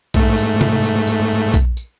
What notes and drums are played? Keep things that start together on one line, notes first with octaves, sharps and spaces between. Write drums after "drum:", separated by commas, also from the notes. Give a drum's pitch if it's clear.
G#2 A3, drum: kick, tambourine
drum: tambourine
drum: tom C3
drum: tambourine
drum: tambourine
drum: tambourine
drum: kick, tambourine
drum: tambourine